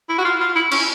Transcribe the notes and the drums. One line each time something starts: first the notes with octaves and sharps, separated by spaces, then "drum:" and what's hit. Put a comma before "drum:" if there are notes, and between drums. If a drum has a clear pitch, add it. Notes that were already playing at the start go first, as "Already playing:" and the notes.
E4
F#4
F4
F4
E4
C#4, drum: cymbal